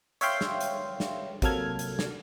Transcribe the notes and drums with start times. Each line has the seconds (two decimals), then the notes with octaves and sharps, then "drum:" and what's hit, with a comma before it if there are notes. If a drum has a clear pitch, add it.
0.21 C#5 E5 F5 G5 C6, drum: hi-hat
0.41 drum: snare
0.61 drum: hi-hat
1.00 drum: snare
1.42 C3 F#3 A#3 A4 F6 G#6, drum: kick, hi-hat
1.79 drum: hi-hat
1.99 drum: snare